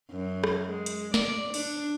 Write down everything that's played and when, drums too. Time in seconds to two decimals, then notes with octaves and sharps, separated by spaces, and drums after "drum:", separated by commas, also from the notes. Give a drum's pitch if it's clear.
0.11 F#2
0.44 drum: rim click
0.66 G#3
0.86 drum: hi-hat
1.14 D5, drum: snare
1.54 D4, drum: open hi-hat